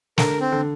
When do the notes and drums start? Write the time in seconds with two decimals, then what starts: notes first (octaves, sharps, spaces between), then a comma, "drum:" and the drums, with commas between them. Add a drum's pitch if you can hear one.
0.18 D3 A#4, drum: snare
0.40 C4
0.52 D3